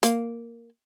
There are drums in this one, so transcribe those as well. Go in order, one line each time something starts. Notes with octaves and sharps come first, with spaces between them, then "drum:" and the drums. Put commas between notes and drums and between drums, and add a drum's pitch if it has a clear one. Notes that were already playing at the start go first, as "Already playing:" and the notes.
A#3, drum: hi-hat